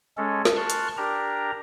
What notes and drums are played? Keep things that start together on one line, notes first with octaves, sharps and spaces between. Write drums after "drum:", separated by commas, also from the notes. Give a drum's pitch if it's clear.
G#3 C#4 A4
drum: snare
A5 C6 C#6 F6 F#6
drum: hi-hat
D4 G4 A#4 A#5